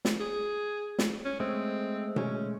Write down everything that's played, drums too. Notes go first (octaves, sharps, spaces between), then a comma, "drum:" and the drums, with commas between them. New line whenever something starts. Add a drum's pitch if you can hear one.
drum: snare
G#4
drum: snare
C#4
G#3 A3 C4
C#4, drum: tom B2